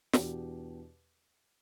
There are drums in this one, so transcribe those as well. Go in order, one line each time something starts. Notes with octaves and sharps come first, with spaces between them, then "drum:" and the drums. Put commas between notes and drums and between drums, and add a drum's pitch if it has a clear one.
E2 B2 B3 D4 G4, drum: snare